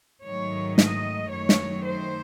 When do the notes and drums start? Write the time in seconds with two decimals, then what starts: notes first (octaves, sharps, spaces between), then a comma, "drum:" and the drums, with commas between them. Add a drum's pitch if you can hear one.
0.24 G#2 D#3 F#3 A3 C#5
0.78 D#5, drum: snare
1.31 F#2 D#3 F#3 A3 C#5
1.49 drum: snare
1.85 C5